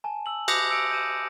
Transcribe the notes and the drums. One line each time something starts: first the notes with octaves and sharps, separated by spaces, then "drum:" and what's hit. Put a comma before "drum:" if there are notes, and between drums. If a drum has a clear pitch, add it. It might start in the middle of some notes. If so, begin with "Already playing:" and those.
G#5 A5
E6 F#7
D6 D#6 F#6 G6 A#6 C#7, drum: cymbal
E6 C#7 D7
G6 D#7 E7